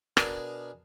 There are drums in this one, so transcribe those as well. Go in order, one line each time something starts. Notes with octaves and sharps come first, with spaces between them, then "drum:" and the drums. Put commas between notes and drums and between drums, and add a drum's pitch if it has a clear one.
B2 D4 G#4 A#4 D5 G#5, drum: rim click